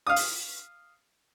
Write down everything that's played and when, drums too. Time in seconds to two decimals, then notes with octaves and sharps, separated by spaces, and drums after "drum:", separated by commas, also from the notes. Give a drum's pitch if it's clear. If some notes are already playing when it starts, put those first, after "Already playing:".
0.07 F5 D#6
0.16 drum: open hi-hat